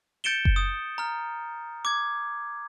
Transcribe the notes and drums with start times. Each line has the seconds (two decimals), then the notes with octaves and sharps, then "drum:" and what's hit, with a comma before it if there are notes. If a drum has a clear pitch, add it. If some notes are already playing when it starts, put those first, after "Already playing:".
0.24 G6 A6 C#7 D7 E7 G7
0.45 drum: kick F#1
0.56 D#6
0.98 A#5 F6
1.85 D6 G#6